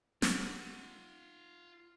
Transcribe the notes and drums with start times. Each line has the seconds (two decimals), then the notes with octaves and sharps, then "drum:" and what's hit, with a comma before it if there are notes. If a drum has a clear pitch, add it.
0.22 F4 F#5, drum: snare